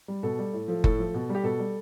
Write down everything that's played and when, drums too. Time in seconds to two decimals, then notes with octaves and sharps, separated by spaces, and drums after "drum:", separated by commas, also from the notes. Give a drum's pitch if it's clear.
0.08 G3
0.23 B2 A4
0.39 G3
0.53 A2
0.68 F3 A3
0.84 A2 A4, drum: kick F#1
0.99 F3 A3
1.14 B2
1.29 G3
1.35 G4
1.44 B2 A4
1.59 G3